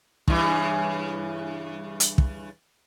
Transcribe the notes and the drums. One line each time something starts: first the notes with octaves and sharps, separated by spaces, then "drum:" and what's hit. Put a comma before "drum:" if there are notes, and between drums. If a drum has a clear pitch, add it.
G2 C#3 E3, drum: kick
drum: hi-hat
drum: kick